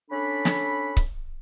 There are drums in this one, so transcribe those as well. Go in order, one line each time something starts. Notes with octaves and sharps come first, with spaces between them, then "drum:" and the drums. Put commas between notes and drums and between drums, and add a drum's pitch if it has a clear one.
C#4 D4 A4 B5
drum: snare
drum: kick C#1